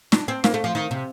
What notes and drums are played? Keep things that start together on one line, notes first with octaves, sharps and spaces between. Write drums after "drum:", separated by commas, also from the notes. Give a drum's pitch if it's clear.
D4, drum: snare
C4
A#3, drum: snare
A3
F3
D#3
C3